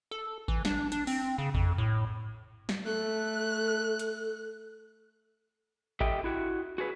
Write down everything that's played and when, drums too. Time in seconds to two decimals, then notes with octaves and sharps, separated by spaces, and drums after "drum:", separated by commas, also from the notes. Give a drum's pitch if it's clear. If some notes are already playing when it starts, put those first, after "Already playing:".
0.11 A4
0.48 E3, drum: kick G#1
0.65 D4, drum: snare
0.92 D4, drum: hi-hat
1.07 C4, drum: open hi-hat
1.38 C#3
1.54 F2, drum: kick G#1
1.78 A2
2.69 drum: snare
2.86 A3 A4 F#6
3.99 drum: hi-hat
6.00 G4 A4 D#5 E5 G5, drum: kick G#1
6.24 E4 F#4
6.78 F#4 G#4 B4